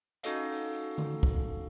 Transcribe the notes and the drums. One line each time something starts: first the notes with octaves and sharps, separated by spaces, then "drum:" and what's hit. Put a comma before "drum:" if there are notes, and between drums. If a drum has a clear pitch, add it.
C#4 D#4 F#4 A4 D#5 F5, drum: hi-hat
drum: open hi-hat
drum: tom D3
drum: kick